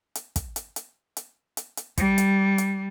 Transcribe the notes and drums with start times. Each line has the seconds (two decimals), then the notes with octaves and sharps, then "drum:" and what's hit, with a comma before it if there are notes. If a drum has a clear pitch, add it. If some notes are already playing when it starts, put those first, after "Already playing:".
0.15 drum: hi-hat
0.36 drum: kick, hi-hat
0.56 drum: hi-hat
0.76 drum: hi-hat
1.17 drum: hi-hat
1.57 drum: hi-hat
1.77 drum: hi-hat
1.98 G3, drum: kick, hi-hat
2.18 drum: hi-hat
2.58 drum: hi-hat